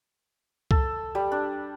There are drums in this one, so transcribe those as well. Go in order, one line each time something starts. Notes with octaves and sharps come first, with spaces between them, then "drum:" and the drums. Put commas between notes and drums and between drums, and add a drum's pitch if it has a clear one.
A4, drum: kick
G3
D4